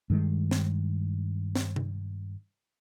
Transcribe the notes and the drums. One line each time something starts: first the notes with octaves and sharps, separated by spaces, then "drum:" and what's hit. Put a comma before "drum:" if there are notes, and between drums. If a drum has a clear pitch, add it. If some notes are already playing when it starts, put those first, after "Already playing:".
G2 D#3 G#3
drum: snare
drum: snare
drum: tom C3